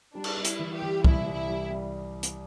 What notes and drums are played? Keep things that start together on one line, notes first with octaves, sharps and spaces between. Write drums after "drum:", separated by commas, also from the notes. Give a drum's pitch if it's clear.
G3 D4
drum: cymbal
G3
E4, drum: hi-hat
E3
G4
E3
C2 E4, drum: kick
C2
E4
G3
G3
drum: hi-hat